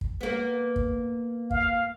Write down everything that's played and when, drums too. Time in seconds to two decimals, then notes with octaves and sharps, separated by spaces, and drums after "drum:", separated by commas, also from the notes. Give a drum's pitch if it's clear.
0.01 drum: kick
0.21 A#3 B3
0.76 drum: kick
1.51 F5, drum: kick